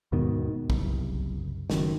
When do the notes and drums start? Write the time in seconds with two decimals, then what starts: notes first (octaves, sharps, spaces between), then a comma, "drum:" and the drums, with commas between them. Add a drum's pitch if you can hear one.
0.12 D#2 G#2 B2 D#3
0.70 F#1 C2, drum: kick
1.70 F#1 F#2 D#3, drum: snare